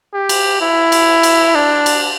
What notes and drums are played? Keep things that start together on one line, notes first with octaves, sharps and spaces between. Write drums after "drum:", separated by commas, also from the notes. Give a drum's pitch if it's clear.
G4
drum: cymbal
E4
drum: cymbal
drum: cymbal
D4
drum: cymbal